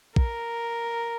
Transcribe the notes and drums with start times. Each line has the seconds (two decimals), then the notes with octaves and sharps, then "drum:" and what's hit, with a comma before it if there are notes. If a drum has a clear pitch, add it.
0.16 A#4, drum: kick